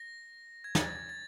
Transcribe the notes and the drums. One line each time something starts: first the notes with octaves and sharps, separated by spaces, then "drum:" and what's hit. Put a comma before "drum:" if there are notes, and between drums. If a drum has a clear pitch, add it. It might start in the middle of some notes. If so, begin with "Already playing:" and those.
Already playing: A#6
G#6
A6, drum: snare
G#6
A6